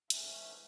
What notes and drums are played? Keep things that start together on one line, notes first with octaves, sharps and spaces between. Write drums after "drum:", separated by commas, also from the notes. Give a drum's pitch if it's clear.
G#2 E3 A3 C#4 E5, drum: hi-hat